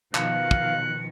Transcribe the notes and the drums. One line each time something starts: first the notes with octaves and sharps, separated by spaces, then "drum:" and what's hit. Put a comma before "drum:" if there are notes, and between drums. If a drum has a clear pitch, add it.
B2 D#3 F3 F5 F#6 C#7, drum: clap
drum: kick